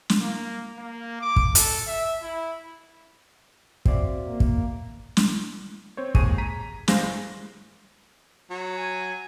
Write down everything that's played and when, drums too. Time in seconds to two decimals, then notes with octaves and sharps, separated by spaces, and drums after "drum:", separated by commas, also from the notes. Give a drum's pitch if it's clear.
0.10 drum: snare
0.21 A#3
0.78 A#3
1.21 D6
1.36 drum: kick
1.55 A4, drum: hi-hat
1.87 E5
2.22 E4
3.85 C4 F#4 D5 E5 F5, drum: kick
4.26 A#3
4.40 drum: kick
5.17 drum: snare
5.97 C4 C5 C#5
6.15 D#2 G#3 G#4 C#6 G#6 D#7, drum: kick
6.38 A#5 B6 D#7
6.88 G2 G#3 G#4 C5 F5 A#6, drum: snare
8.50 F#3
8.77 G#5